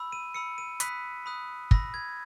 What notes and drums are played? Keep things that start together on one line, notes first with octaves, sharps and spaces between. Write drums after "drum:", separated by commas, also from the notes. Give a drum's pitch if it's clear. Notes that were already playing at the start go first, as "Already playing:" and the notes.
Already playing: B5 E6
D#7
B5 E6 C#7
D#7
B5 D#6 F#6 B6, drum: hi-hat
B5 D#6 F#6
B5 E6 A#6, drum: kick
G#6